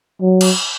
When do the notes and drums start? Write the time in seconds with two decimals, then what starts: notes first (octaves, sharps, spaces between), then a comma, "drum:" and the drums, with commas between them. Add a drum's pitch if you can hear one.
0.21 F#3
0.41 drum: cymbal